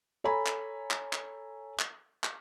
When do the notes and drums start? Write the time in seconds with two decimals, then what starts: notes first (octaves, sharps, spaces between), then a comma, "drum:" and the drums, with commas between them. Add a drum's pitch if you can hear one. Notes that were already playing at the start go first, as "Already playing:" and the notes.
0.24 A4 C#5 G#5 A#5 B5
0.46 drum: clap
0.91 drum: clap
1.13 drum: clap
1.79 drum: clap
2.24 drum: clap